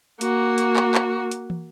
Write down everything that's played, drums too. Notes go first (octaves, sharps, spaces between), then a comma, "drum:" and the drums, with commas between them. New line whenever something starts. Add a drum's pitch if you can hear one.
A#3 F#4, drum: hi-hat
drum: hi-hat
drum: clap
drum: clap
drum: hi-hat
drum: tom